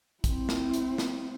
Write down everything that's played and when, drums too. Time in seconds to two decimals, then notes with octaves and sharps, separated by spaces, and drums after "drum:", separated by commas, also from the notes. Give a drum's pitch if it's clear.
0.24 C4 E4, drum: kick, hi-hat
0.49 drum: snare
0.74 drum: hi-hat
0.98 drum: snare